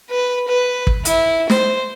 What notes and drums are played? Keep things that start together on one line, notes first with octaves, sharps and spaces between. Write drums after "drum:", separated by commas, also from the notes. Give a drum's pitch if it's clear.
B4
B4
drum: kick
E4, drum: hi-hat
C5, drum: snare